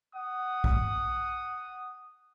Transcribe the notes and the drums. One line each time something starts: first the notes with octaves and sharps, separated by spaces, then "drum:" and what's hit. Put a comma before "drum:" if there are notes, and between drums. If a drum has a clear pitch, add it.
F#5 D#6
drum: kick B1